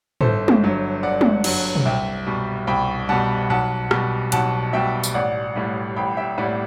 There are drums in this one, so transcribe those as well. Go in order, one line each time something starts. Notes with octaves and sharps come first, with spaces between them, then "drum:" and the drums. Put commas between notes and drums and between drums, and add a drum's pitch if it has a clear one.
G1 A4 C5, drum: tom
drum: tom
G2 D3 F#3
G1 D5 F#5
drum: tom
G2 D3 F#3, drum: cymbal
drum: tom
C2 E5 G5
B2 G3
C2 G5 B5
B2 G3 F#5 A5
B1 F#5 A5
B2 G3, drum: rim click
B1 F#5 A5, drum: hi-hat
B2 G3 E5 G5
drum: tambourine
A1 D5 F#5
A2 G3
A1 G5 B5
E5 G5
A2 G3 D5 F#5